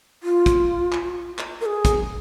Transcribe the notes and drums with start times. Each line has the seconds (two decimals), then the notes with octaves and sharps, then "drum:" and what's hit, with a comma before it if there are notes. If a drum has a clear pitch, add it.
0.23 F4
0.46 drum: kick, hi-hat
0.92 drum: clap
1.38 drum: clap
1.61 A#4
1.66 G#4
1.85 drum: kick, hi-hat